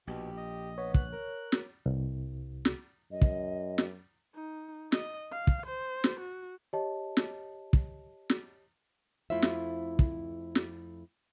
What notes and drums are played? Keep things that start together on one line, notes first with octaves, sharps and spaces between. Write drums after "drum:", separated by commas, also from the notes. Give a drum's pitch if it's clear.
A#1 B2 G4
D#5
B3 C#5
F#6, drum: kick
A#4
drum: snare
C2
drum: snare
F#2 D#5
drum: kick
drum: snare
D#4
D#5, drum: snare
F5
drum: kick
C5
drum: snare
F#4
G4 C#5 D#5 A5
drum: snare
drum: kick
drum: snare
F2 A3 E4 F4 C5 E5
drum: snare
drum: kick
drum: snare